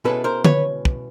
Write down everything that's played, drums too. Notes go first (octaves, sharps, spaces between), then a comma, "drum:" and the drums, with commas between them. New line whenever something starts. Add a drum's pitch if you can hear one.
B2 G#3 C#4 E4 A4 B4
A#4 C5
B4 C#5, drum: tom
drum: kick